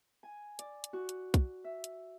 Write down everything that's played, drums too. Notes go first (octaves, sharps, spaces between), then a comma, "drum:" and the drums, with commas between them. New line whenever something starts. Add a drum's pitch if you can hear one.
G#5
D5, drum: hi-hat
drum: hi-hat
F#4
drum: hi-hat
drum: kick, hi-hat
E5
drum: hi-hat